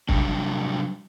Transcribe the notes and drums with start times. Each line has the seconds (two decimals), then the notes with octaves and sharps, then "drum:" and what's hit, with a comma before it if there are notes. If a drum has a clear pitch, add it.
0.09 C3 F#3 G3 D4, drum: kick